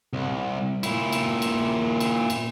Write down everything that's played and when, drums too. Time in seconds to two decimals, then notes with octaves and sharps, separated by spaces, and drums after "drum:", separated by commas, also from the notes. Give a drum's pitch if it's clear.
0.13 C2
0.83 A#2 E4, drum: cymbal
1.13 drum: cymbal
1.42 drum: cymbal
2.00 drum: cymbal
2.30 drum: cymbal